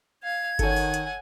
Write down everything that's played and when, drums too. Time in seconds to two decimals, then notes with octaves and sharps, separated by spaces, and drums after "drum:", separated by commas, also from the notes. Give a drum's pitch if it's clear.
0.23 F5 G#6
0.59 D#3 A4 C#5 F#5 G#5, drum: kick G1, hi-hat
0.76 drum: open hi-hat
0.94 drum: hi-hat